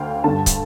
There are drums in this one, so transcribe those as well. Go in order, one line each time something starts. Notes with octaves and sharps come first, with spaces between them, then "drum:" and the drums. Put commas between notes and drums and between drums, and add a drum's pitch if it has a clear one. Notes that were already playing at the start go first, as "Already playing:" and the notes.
Already playing: D2 F5 G5
G2 D3 A5
drum: kick, hi-hat